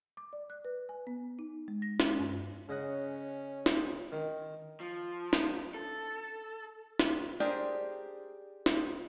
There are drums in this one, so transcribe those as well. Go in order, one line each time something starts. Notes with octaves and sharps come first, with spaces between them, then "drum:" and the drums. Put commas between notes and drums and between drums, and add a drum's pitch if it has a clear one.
D6
D5
F#6
B4
G#5
B3
D#4
G#3
A#6
C#4, drum: snare
G2
C#3 C#4 D#5 F#5
drum: snare
D#3
F3
drum: snare
A4
drum: snare
D4 G4 G#4 A#4 C5
drum: snare